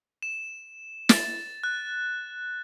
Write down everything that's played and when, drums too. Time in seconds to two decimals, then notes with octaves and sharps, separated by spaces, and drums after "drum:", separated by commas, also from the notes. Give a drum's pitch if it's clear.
0.23 E7
1.09 A6, drum: snare
1.64 F#6